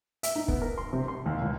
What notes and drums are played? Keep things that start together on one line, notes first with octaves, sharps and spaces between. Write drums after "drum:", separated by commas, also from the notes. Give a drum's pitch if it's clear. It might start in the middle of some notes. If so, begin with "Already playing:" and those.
E5, drum: hi-hat
D#4
B3, drum: kick
A#4
C6
C3
C6
D#2
C#2